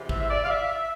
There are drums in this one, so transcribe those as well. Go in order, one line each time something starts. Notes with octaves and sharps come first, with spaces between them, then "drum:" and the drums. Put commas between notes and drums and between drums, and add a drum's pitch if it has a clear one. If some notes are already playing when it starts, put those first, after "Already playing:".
Already playing: E2 C3 E3
E5, drum: kick
E5
D5
F5
E5